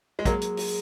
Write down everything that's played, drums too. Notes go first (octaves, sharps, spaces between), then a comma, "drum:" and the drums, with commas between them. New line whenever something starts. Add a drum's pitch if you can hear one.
G#3
F#3 A#3 G#4, drum: kick, hi-hat
drum: hi-hat
drum: open hi-hat